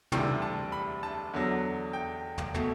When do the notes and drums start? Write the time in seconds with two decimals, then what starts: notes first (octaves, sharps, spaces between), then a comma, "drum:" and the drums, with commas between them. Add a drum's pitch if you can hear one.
0.12 D2 C3 E3 G3 G5, drum: tom
0.42 A5
0.72 B5
1.03 A5
1.33 E2 D3 F#3
1.93 G5
2.38 drum: tom
2.54 B2 A3, drum: tom